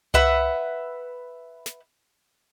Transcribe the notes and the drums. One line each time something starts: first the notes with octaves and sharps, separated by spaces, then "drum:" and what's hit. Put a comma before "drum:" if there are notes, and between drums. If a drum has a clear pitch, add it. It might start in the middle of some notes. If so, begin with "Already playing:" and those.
B4 E5 F#5, drum: tom C2
drum: snare